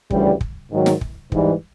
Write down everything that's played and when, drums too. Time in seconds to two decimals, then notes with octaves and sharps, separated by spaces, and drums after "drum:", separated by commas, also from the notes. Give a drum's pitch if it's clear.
0.10 D2 C#3 E3 G3, drum: kick
0.41 drum: kick
0.70 G#2 D#3 F#3
0.86 drum: snare
1.01 drum: kick
1.32 G#2 E3 G3, drum: kick